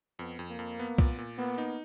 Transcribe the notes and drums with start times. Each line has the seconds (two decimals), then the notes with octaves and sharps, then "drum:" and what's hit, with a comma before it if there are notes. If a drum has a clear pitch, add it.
0.19 F2 B3
0.39 F2
0.49 A#3
0.59 F2
0.79 B3
0.98 A#2, drum: kick B1
1.18 A#2
1.38 A#3 B3
1.58 D#4